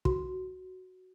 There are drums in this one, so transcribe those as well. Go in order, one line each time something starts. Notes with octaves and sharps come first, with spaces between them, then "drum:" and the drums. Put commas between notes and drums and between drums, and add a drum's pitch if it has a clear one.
F#4, drum: kick